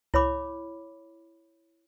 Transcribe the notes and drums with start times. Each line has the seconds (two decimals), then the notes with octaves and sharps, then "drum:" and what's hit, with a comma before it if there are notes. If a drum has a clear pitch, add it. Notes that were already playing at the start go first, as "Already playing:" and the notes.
0.14 E4 C#5 B5 D6, drum: kick C2